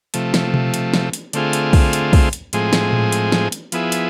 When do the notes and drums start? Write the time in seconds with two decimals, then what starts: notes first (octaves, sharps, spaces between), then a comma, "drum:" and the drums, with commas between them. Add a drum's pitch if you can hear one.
0.14 C3 F3 A3, drum: hi-hat
0.34 drum: snare
0.54 drum: tom B2
0.74 drum: hi-hat
0.94 drum: snare
1.13 drum: hi-hat
1.33 D3 A3 C4 F4 G#4, drum: hi-hat
1.53 drum: hi-hat
1.73 drum: kick, open hi-hat
1.93 drum: hi-hat
2.13 drum: kick, open hi-hat
2.33 drum: hi-hat
2.53 A2 F3 G#3 C4 G#4, drum: hi-hat
2.73 drum: snare
2.93 drum: tom A2
3.12 drum: hi-hat
3.32 drum: snare
3.52 drum: hi-hat
3.72 F3 B3 E4 G#4, drum: hi-hat
3.92 drum: hi-hat